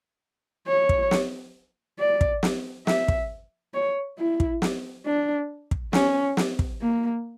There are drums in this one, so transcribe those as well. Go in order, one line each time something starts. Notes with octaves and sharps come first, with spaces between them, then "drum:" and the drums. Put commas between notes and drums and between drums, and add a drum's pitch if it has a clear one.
C#5
drum: kick
drum: snare
D5
drum: kick
drum: snare
E5, drum: snare
drum: kick
C#5
E4
drum: kick
drum: snare
D4
drum: kick
C#4, drum: snare
drum: snare
drum: kick
A#3